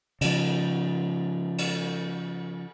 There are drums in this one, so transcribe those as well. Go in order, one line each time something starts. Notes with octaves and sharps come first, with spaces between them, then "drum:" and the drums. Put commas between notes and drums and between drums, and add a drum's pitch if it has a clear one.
C#3 F3, drum: cymbal
drum: cymbal